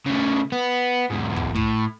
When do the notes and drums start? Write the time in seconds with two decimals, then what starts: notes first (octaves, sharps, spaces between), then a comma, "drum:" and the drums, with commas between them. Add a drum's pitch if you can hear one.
0.06 C#3 A3
0.52 B3
1.10 E2 G#2
1.36 drum: kick
1.55 A2, drum: kick